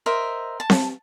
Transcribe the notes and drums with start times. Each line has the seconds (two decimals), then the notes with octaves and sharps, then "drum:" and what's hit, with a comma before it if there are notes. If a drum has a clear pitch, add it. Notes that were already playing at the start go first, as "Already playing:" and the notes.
0.06 A#4 C5 D#5 E5
0.60 A5
0.70 drum: snare C4